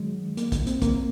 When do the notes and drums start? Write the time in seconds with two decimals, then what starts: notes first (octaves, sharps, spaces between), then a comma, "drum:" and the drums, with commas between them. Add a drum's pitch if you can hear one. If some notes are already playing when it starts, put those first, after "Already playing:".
Already playing: D#3 F#3 G#3
0.37 A#3, drum: hi-hat
0.52 drum: kick, hi-hat
0.67 C4, drum: hi-hat
0.82 A#3, drum: kick, hi-hat